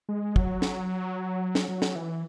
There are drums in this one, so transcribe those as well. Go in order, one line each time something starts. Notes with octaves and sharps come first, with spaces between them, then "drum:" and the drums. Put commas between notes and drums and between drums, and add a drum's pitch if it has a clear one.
G#3
F#3, drum: kick
drum: snare
drum: snare
F#3
drum: snare
E3